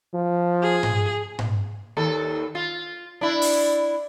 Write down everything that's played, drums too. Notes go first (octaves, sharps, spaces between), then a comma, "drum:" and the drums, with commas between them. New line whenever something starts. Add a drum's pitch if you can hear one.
F3
G#4
drum: tom G#2
drum: tom G#2
D#2 A4
F4
D4 E4
drum: open hi-hat